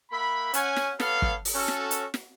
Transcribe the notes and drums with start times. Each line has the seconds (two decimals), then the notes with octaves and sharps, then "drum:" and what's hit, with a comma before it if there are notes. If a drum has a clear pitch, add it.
0.11 A#3 E5 F#5 B5
0.54 C#4 F#5 G#5, drum: hi-hat
0.76 drum: snare
1.00 B3 A4 C#5 F5, drum: snare
1.22 drum: kick
1.45 drum: open hi-hat
1.55 C#4 F#4 A4
1.68 drum: snare
1.91 drum: hi-hat
2.14 drum: snare